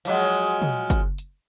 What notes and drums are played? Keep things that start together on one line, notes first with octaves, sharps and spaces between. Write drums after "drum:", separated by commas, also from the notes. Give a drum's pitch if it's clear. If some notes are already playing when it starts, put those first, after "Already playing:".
F3 F#3 G#3, drum: hi-hat
drum: hi-hat
drum: tom
drum: kick, hi-hat
drum: hi-hat